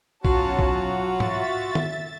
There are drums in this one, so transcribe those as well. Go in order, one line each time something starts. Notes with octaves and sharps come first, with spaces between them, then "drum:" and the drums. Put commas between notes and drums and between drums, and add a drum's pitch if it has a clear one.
B1 F#3 C#4 F4 F#4 A5, drum: kick A#1
drum: kick A#1
E5 A6, drum: tom G#2
drum: tom D#3